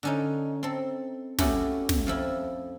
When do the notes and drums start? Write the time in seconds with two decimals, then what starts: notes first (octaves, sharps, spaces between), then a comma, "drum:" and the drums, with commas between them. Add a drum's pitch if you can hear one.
0.03 D3 C#4 D#4
0.63 C4 A4
1.39 A3 C#4 E4 F#4 G4, drum: snare
1.89 drum: snare
2.07 F2 F3 E4